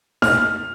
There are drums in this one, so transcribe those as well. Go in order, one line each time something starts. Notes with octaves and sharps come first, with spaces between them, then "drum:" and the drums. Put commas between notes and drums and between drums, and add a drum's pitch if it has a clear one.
F6, drum: snare D#4